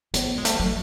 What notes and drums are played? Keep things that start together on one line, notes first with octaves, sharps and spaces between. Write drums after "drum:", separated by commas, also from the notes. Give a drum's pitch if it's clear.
B3, drum: hi-hat
G#3
A3, drum: hi-hat
F#3